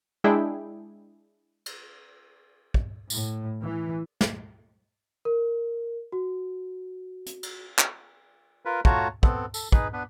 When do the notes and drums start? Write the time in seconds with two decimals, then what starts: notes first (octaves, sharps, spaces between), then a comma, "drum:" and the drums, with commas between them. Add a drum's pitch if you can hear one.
0.24 G#3 D4 E4 G#4 G5
1.66 drum: cymbal
2.74 drum: kick
3.10 A2, drum: tambourine
3.61 E3
4.21 drum: snare
5.25 A#4
6.12 F#4
7.26 drum: hi-hat
7.43 drum: cymbal
7.79 drum: clap
8.65 F4 A#4 B4
8.85 A3 F4 F#4 C#5 A5 A#5, drum: kick
9.23 B3 C4 A4, drum: kick
9.54 A4, drum: tambourine
9.72 D#4 G#4 B4, drum: kick
9.93 B3 D4 B4